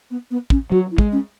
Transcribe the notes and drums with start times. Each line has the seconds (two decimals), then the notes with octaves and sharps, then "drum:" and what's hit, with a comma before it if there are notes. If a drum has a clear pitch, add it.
0.10 B3
0.30 B3
0.50 C#4, drum: kick
0.72 F#3 F#4
0.91 E4
0.98 G#3, drum: kick
1.12 C#4